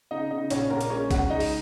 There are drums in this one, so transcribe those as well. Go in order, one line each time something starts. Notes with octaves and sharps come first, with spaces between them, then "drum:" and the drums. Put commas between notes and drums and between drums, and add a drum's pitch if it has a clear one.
C#3 D#4 D#5
C#3 D#4 D#5
A#1 C#4 C#5, drum: hi-hat
A#1 A#3 A#4
drum: hi-hat
G#3 C#4 C#5
C#2 F#4 F#5, drum: kick A#1, hi-hat
G#3 D#4 D#5
drum: open hi-hat